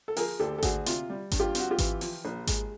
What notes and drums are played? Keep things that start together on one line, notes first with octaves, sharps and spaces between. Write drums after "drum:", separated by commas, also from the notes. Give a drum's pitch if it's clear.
A4
F3 G#4 A#4, drum: open hi-hat
D2 G4 A4
A4
D2 F#4 G#4, drum: kick G#1, hi-hat
C3 F4, drum: hi-hat
G3
G2, drum: kick G#1, hi-hat
F4 G4
C4 F#4, drum: hi-hat
F4 G4
E3, drum: kick G#1, hi-hat
F3, drum: open hi-hat
A#1
G#3, drum: kick G#1, hi-hat